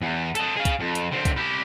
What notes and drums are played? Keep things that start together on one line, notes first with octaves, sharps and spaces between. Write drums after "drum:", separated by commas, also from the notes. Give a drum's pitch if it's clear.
E2
A4 D#5, drum: hi-hat
G#4 F5
drum: kick, hi-hat
F2
drum: hi-hat
D3 C4
drum: kick, hi-hat
E4 G4